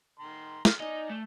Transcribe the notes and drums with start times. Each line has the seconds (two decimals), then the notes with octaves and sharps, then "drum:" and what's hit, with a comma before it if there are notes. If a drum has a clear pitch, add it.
0.19 D#3 A#5 C6
0.65 C6 F6, drum: snare
0.79 D#4 D5 D#5 G#5
1.10 A3